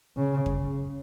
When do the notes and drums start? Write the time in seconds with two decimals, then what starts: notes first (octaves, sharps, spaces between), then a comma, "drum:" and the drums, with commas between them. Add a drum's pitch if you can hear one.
0.17 C#3
0.46 drum: kick F2